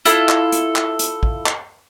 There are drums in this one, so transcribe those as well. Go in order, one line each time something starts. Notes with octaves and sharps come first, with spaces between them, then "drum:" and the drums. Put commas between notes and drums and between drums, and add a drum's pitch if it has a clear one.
E4 F4 A4, drum: hi-hat
drum: clap
drum: hi-hat
drum: clap
drum: hi-hat
drum: kick
drum: clap